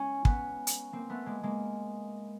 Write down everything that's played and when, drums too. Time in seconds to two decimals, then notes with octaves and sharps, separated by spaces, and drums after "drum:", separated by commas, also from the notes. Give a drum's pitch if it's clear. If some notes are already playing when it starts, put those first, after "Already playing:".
Already playing: G#3 C#4
0.25 B3 C#4, drum: kick
0.67 drum: hi-hat
0.93 A#3 C4
1.10 A3 B3
1.26 G#3 A#3
1.43 G#3 A#3